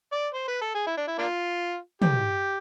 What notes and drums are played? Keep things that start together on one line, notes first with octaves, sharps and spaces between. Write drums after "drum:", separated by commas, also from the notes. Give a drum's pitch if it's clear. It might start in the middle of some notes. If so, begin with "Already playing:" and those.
D5
C5
B4
A4
G#4
E4
D4
E4
A#3 D4 F4
G4, drum: tom